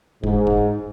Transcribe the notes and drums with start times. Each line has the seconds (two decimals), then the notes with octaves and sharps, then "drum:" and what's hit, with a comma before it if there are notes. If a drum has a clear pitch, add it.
0.24 G#2, drum: kick F1
0.47 drum: kick F1